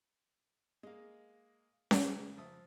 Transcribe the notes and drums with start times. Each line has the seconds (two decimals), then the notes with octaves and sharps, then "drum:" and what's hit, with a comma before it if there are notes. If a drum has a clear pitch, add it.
0.83 G#3 A#3 D#5 F5
1.91 F2 C#3 E3, drum: snare C#4
2.37 F3 E5 D#6